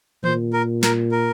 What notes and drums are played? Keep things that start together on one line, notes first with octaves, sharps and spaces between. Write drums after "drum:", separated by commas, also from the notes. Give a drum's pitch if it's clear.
A#2 C5, drum: tom D#3
A#4
A#4, drum: snare
A#4